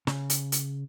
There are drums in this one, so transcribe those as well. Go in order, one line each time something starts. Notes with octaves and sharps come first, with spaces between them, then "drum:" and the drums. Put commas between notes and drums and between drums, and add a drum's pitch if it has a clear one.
C#3, drum: snare
drum: hi-hat
drum: hi-hat